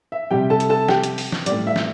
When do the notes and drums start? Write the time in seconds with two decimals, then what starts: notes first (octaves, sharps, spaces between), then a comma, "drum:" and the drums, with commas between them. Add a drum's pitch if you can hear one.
0.12 E5
0.31 C3 G3 G4 G5
0.50 A4 A5
0.60 drum: hi-hat
0.69 A4 A5
0.88 G4 G5, drum: snare
1.03 drum: hi-hat
1.18 drum: open hi-hat
1.32 drum: snare
1.46 G3 D5, drum: hi-hat
1.52 A2
1.67 E5
1.76 drum: snare